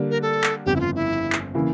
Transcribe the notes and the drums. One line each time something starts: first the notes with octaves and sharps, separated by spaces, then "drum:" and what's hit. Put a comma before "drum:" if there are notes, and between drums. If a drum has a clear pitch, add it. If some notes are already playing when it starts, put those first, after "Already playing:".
Already playing: D3 G3 A#3
A#4
A4
drum: clap
G1 F2 C#3 G4
E4
F4
E4
drum: clap
C#3 E3 A#3 E4